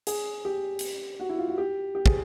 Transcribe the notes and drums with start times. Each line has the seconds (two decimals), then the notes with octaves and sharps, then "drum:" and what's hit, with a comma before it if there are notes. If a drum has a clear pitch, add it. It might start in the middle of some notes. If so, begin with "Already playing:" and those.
0.07 G#4, drum: hi-hat
0.45 G4
0.79 drum: hi-hat
1.20 F#4
1.29 E4
1.38 F4
1.48 F#4
1.58 G4
1.95 G4
2.06 G#4, drum: kick